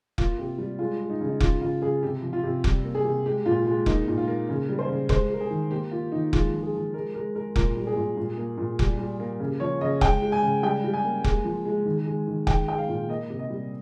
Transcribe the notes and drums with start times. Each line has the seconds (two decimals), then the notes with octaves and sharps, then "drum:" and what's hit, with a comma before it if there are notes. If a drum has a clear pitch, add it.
0.18 A#3 F4, drum: kick F1
0.38 C3 G4
0.58 G3
0.79 G#3 F4
0.99 G#3
1.10 D#4
1.21 C#3
1.29 D#4
1.40 C#3 F4, drum: kick F1
1.61 C#3 F4
1.82 C#3 G#4
2.03 C3 G4
2.22 F3
2.33 F4
2.43 C3
2.64 G3 G4, drum: kick F1
2.84 A#3
2.95 G#4
3.05 C3
3.26 G#3 G4
3.46 A#2 F4
3.66 G#3 F4
3.86 A#3 D#4, drum: kick F1
4.08 A#2
4.18 F4
4.28 A#3
4.49 C#3
4.69 G3
4.79 C5
4.89 C#3
5.09 G#3 C5, drum: kick F1
5.30 G#3 A#4
5.41 G#4
5.50 D#3
5.71 A#3 G4
5.91 A#3 F4
6.12 D#3 D#4
6.33 G#3 F4, drum: kick F1
6.53 F3
6.63 G#4
6.74 F3
6.94 G#3 A#4
7.14 G#3 A#4
7.35 G#3 A#4
7.56 A#2 A#4, drum: kick F1
7.77 G3
7.87 G#4
7.96 A#2
8.17 A#2
8.37 A#3
8.58 A#2
8.79 G3, drum: kick F1
8.98 G3
9.20 A#3
9.40 C#3
9.60 F3 C#5
9.81 C#3 D#5
10.01 G#3 G5, drum: kick F1
10.22 G#3
10.32 G#5
10.43 C#3
10.63 G3 G5
10.84 G3
10.94 G#5
11.04 A#3
11.24 G#3, drum: kick F1
11.44 F3
11.65 G#3
11.86 D#3
12.06 G#3
12.27 D#3
12.47 G#3 G5, drum: kick F1
12.68 G#3 G5
12.78 F5
12.88 A#2
13.09 A#3 D#5
13.30 C3
13.39 D#5
13.50 G3